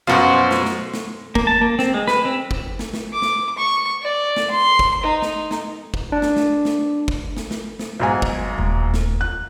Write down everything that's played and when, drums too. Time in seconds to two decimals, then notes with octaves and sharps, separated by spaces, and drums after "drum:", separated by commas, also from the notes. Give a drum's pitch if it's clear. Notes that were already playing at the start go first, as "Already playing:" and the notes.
0.07 F#2 B2 F3 F#4 C5 F5
0.51 drum: snare
0.65 drum: snare
0.94 drum: snare
1.35 A#3, drum: kick
1.47 A5
1.61 A#3
1.79 C4, drum: snare
1.94 G#3
2.08 B4, drum: snare
2.25 C4
2.51 drum: kick
2.79 drum: snare
2.94 drum: snare
3.13 D6
3.22 drum: snare
3.58 C#6
4.02 D5
4.36 drum: snare
4.51 C6
4.79 drum: kick
5.04 D#4
5.22 drum: snare
5.51 drum: snare
5.94 drum: kick
6.12 D4
6.22 drum: snare
6.37 drum: snare
6.65 drum: snare
7.08 drum: kick
7.37 drum: snare
7.51 drum: snare
7.79 drum: snare
8.00 B1 G#2 G#5
8.22 drum: kick
8.58 D#1 G#3
8.94 drum: snare
9.21 F4 F#6